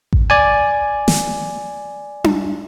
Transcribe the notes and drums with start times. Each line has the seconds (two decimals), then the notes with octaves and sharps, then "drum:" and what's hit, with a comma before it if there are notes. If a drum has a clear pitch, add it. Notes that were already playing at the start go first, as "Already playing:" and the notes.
0.13 drum: kick A1
0.30 D5 G#5
1.08 drum: snare
2.24 drum: tom D4